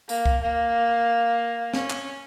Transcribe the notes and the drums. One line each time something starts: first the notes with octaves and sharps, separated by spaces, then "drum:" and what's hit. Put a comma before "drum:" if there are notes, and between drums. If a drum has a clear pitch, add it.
A#3, drum: tambourine
drum: kick
A#3
C#4, drum: snare
drum: clap